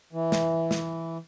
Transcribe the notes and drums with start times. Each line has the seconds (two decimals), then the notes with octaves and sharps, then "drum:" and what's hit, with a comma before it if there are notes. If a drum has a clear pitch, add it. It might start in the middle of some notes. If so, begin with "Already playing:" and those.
0.13 E3
0.32 drum: snare
0.71 drum: snare